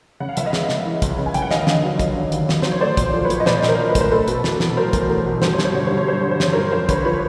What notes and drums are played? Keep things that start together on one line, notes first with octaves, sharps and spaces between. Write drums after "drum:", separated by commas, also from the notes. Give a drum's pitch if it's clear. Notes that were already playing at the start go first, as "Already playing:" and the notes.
C#3 F#5
F5
C#2 E5, drum: hi-hat
D#5 F5
G#3, drum: snare
C#2, drum: snare
E3
C#2, drum: kick, hi-hat
C#3
G#5
C#2 G5, drum: hi-hat
F#5
D#2 D#5 F5, drum: snare
D3, drum: snare
F#3
F#3, drum: kick, hi-hat
D3
D#2, drum: hi-hat
F#3, drum: snare
F#3 C5, drum: snare
C#5
A3 C5 D5
A#2, drum: kick, hi-hat
F3
B4 C#5
F3, drum: hi-hat
D#5
A#2 C5 D5, drum: snare
A#1, drum: snare
A#4 C5
A#1
B4
A3, drum: kick, hi-hat
C5
A3 A4 B4
B2, drum: hi-hat
E2, drum: snare
B2, drum: snare
F#3 A#4 C5
E2, drum: kick, hi-hat
A3
B2
G2 C5, drum: snare
C#5
G2, drum: snare
C5
D3 C#5
G2 C5
C#5
F#3 C5
D3 C#5
C5
G2 C#5, drum: snare
G2 A#4 C5
F2 A#4 C5
D3 B4 C#5, drum: kick, hi-hat
F3 B4 C#5